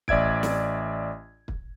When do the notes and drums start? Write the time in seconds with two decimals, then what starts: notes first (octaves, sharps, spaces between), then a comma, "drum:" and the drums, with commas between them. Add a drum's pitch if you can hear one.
0.08 A1 D5 E5 G#6 D7, drum: kick
0.43 drum: snare
1.48 drum: kick